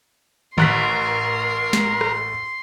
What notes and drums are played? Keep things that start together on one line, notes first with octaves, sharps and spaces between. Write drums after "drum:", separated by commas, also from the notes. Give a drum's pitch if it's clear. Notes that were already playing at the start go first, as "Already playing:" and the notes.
A1 A#4 C6 F#6 B6, drum: tom D3
drum: snare
drum: rim click